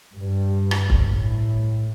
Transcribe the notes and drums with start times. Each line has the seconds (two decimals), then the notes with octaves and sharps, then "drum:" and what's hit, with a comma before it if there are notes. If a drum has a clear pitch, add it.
0.15 G2
0.71 drum: rim click
0.90 drum: kick C#1
1.07 A2